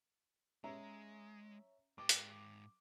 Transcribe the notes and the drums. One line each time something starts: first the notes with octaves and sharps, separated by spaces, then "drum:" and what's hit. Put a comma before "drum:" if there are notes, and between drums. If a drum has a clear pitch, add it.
G#3 C#4 E5 A#5
G#2 G5 D6
drum: hi-hat